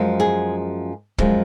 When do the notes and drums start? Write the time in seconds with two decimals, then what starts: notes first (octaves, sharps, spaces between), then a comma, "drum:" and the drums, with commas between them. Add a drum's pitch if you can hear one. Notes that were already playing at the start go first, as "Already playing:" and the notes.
Already playing: F#2 F3 G#3
0.20 G#4
1.18 F#2 F3 G#3, drum: kick